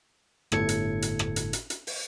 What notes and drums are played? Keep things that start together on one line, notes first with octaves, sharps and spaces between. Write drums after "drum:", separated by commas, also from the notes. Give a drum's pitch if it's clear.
G1 A2 A4 G#6 C#7, drum: rim click
drum: hi-hat
drum: hi-hat
drum: rim click
drum: hi-hat
drum: hi-hat
drum: hi-hat
drum: open hi-hat